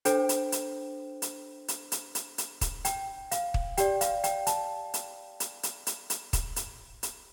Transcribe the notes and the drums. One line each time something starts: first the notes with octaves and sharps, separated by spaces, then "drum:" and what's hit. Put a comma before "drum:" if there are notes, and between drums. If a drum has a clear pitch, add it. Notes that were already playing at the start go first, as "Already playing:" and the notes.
D4 A4 C5 G5, drum: hi-hat
drum: hi-hat
drum: hi-hat
drum: hi-hat
drum: hi-hat
drum: hi-hat
drum: hi-hat
drum: hi-hat
drum: kick, hi-hat
G5, drum: hi-hat
F5, drum: hi-hat
drum: kick
G4 D5 G5, drum: hi-hat
F5, drum: hi-hat
G5, drum: hi-hat
A5, drum: hi-hat
drum: hi-hat
drum: hi-hat
drum: hi-hat
drum: hi-hat
drum: hi-hat
drum: kick, hi-hat
drum: hi-hat
drum: hi-hat